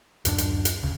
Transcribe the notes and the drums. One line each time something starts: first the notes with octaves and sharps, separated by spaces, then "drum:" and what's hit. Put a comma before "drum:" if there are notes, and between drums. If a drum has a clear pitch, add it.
D1 F#2 D4, drum: hi-hat
drum: hi-hat
drum: hi-hat
D#1 C#2 C#3